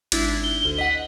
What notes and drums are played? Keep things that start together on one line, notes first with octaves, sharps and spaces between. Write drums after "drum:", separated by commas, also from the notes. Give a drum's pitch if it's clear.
G#1 D4 E4, drum: cymbal
G7
D2
D#5 F#5 B6